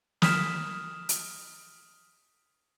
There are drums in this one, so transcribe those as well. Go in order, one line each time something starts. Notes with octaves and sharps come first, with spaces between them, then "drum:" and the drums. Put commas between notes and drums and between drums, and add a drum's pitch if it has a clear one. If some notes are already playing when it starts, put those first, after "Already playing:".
D#6 F6 B6 E7, drum: snare
drum: hi-hat